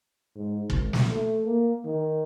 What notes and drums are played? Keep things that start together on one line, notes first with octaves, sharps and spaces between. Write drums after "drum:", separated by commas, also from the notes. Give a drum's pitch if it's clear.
G#2
G#1, drum: kick
drum: snare
A3
A#3
D#3